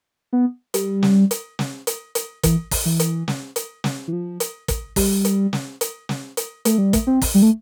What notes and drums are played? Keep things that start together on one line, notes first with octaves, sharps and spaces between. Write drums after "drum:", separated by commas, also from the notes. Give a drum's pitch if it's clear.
B3
G3, drum: hi-hat
drum: snare
drum: hi-hat
drum: snare
drum: hi-hat
drum: hi-hat
E3, drum: kick, hi-hat
drum: kick, open hi-hat
E3
drum: hi-hat
drum: snare
drum: hi-hat
drum: snare
E3
F3
drum: hi-hat
drum: kick, hi-hat
G3, drum: kick, open hi-hat
drum: hi-hat
drum: snare
drum: hi-hat
drum: snare
drum: hi-hat
A3, drum: hi-hat
G3
A3, drum: kick, hi-hat
C4
drum: kick, open hi-hat
G3
A3